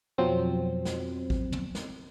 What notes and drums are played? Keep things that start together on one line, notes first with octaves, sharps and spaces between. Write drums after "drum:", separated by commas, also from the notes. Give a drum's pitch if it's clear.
F2 B2 F3 F#3 C4
drum: snare
drum: kick
drum: tom
drum: snare